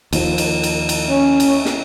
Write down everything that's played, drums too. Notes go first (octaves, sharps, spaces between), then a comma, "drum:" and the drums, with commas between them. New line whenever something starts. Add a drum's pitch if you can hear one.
D#2 F3, drum: cymbal
drum: cymbal
drum: cymbal
drum: cymbal
C#4
drum: cymbal
drum: snare